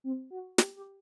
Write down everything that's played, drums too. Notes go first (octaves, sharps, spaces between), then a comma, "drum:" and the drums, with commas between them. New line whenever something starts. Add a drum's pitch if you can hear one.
C4
F#4
G4, drum: snare
G4